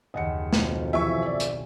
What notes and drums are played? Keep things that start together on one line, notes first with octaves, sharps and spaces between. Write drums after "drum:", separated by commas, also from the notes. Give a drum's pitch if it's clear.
F#1 D#2 D#5 F#5 C#7
B1 F2, drum: snare
C3 E3 F3 E5 G#5 C#6 E6
D5
drum: hi-hat